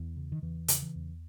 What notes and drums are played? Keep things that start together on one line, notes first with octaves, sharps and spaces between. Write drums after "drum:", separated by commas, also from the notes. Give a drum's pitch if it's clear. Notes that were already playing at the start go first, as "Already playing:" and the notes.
Already playing: E2 E3
C#3
D#3
E2 E3
C#3, drum: hi-hat
E3
E2